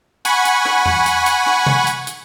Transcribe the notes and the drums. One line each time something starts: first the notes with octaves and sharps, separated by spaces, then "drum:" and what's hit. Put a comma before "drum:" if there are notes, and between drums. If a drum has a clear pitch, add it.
F#5 G#5 B5 C#6, drum: hi-hat
drum: hi-hat
drum: rim click
drum: tom E2
drum: hi-hat
drum: hi-hat
drum: rim click
drum: tom C3
drum: hi-hat
drum: hi-hat